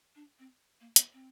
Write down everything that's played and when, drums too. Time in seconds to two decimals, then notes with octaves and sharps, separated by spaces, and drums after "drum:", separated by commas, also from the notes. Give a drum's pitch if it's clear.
0.15 D4
0.39 C4
0.81 A#3
0.96 B3, drum: hi-hat
1.13 C4